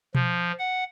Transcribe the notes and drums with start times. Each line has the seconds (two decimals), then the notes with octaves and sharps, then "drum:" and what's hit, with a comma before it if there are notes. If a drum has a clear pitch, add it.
0.15 F3, drum: tom B2
0.59 F#5